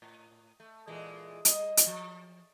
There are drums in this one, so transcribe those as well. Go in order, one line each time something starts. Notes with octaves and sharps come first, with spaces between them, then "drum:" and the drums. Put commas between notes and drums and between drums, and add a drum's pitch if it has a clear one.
A2
A3
A#2 E3 G#3
G3 D#5, drum: hi-hat
drum: hi-hat
F3